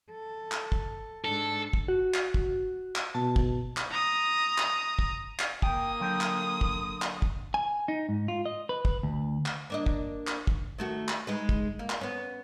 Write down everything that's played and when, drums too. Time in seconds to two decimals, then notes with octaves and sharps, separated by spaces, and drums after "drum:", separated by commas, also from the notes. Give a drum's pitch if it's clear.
0.11 A4
0.51 drum: clap
0.72 drum: kick
1.25 G#2 D4 A4
1.73 drum: kick
1.88 F#4
2.14 drum: clap
2.34 drum: kick
2.95 drum: clap
3.15 B2 A5
3.36 drum: kick
3.77 drum: clap
3.90 A#5 D#6
4.58 drum: clap
4.99 drum: kick
5.39 drum: clap
5.62 A#3 G5 D#6, drum: kick
6.00 D3 F#3 G5
6.21 drum: clap
6.61 drum: kick
7.02 drum: clap
7.22 drum: kick
7.54 G#5
7.88 D#4
8.09 G#2
8.28 F4
8.46 D#5
8.69 B4
8.85 drum: kick
9.03 D2
9.46 drum: clap
9.70 A#3 D4 D#5
9.86 drum: kick
10.27 drum: clap
10.47 drum: kick
10.78 D#3 A3 F#4
11.08 drum: clap
11.27 G#3 D#4 B4
11.49 drum: kick
11.79 A#3
11.90 drum: clap
12.01 B3 C#4